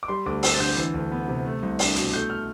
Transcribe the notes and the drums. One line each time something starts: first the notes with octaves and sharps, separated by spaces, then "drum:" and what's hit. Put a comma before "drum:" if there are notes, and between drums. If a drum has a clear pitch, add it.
D6
G3 C6
D2 D6
C4 E6, drum: open hi-hat
A6
D3 G6
E3
D2
B3
C3
A3
C2
D4, drum: open hi-hat
B2, drum: hi-hat
A3 G6
F6